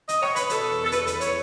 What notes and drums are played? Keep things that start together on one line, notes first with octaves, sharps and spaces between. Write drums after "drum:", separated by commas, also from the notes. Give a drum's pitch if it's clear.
D#5, drum: hi-hat
C#5, drum: rim click
B4, drum: hi-hat
B2 A4, drum: hi-hat
E2
A4
E2 B4, drum: hi-hat
B4, drum: hi-hat
E2
C#5, drum: hi-hat